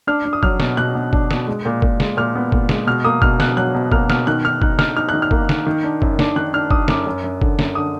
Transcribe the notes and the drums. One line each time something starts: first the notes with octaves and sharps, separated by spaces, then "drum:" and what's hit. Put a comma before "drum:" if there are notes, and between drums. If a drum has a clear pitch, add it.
D4 F6
D4
D#6
F#3 F6, drum: kick F#1
B2, drum: snare
B2 F#6
B2
D4, drum: kick F#1
B2, drum: snare
G#3
A#2
A#2, drum: kick F#1
G#3, drum: snare
A#2 F6
B3
A#2, drum: kick F#1
G#3, drum: snare
B2 F6
A#3 D#6
B2 F6, drum: kick F#1
B2 F#6, drum: snare
F#3 F#6
B2
A#3 F6, drum: kick F#1
B2 F6, drum: snare
D#3 F#6
D#3 F6
D#4 F#6, drum: kick F#1
D#4 F6, drum: snare
D#4 F6
D#3 F#6
F6
A#3, drum: kick F#1
D#3, drum: snare
D#3
D4
F#2, drum: kick F#1
D4, drum: snare
D#3 F#6
D4 F6
D4 D#6, drum: kick F#1
F#2 D6, drum: snare
F#2
F#2
D3, drum: kick F#1
F#2, drum: snare
D3 D#6